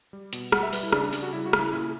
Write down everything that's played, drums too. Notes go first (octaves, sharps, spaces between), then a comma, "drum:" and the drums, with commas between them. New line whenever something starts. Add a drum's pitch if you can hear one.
G3
B2, drum: hi-hat
G3 F#5, drum: rim click
E5
G3 B4, drum: open hi-hat
E4
C#3 D4, drum: rim click
D4
G3 D4, drum: open hi-hat
F#4
C#3 E4
F#4
C#3, drum: rim click
E4
A#2 E4